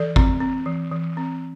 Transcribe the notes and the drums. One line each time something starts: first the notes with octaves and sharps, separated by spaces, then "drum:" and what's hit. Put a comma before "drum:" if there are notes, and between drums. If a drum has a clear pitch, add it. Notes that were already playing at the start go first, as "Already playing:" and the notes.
Already playing: E3 A4 D5
C4, drum: kick
C4
E3
E3
C4